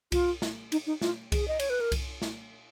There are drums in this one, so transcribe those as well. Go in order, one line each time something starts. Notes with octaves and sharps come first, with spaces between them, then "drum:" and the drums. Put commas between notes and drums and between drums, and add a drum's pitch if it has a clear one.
F4, drum: kick C2, cymbal
drum: snare
D#4, drum: cymbal
D#4
F4, drum: snare
G#4, drum: kick C2, cymbal
D#5
C#5, drum: cymbal
B4
A#4
drum: kick C2, cymbal
drum: snare